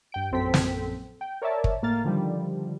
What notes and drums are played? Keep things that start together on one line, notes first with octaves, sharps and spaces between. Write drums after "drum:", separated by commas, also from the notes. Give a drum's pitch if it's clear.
G2 G5 D7
A#1 F#2 C4 A4 G5 B6
drum: snare
G5
A#4 C#5 D5 E5 A5
drum: kick
A2 A#3 F6 A6
D3 D#3 F3 G3